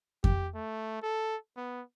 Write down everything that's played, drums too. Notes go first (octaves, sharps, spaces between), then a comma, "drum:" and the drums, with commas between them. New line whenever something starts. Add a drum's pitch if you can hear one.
G4, drum: kick F2
A3
A4
B3